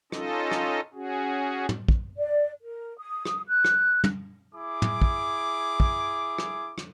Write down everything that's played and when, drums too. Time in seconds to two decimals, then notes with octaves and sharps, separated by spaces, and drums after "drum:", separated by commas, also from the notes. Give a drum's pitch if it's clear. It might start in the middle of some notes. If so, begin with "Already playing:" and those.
0.12 C#4 D#4 F4 A4 D#5, drum: rim click
0.52 drum: rim click
0.94 C#4 F#4 G#4
1.69 drum: tom
1.88 drum: kick
2.17 D5
2.62 A#4
2.99 D#6
3.25 drum: rim click
3.47 F#6
3.65 drum: rim click
4.04 drum: tom
4.55 E4 G#4 D6
4.82 drum: tom
5.02 drum: kick
5.80 drum: kick
6.39 drum: rim click
6.78 drum: rim click